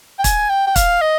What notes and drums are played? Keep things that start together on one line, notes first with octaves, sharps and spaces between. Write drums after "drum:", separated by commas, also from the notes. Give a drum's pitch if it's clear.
G5
G#5, drum: kick, hi-hat
G5
G5
F5, drum: kick, hi-hat
D#5